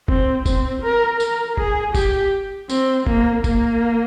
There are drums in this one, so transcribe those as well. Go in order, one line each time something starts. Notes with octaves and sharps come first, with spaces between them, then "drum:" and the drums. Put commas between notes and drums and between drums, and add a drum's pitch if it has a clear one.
C4, drum: kick
C4, drum: kick, tambourine
A#4
A#4, drum: tambourine
G#4, drum: kick
G4, drum: kick, tambourine
C4, drum: tambourine
A#3, drum: kick
A#3, drum: kick, tambourine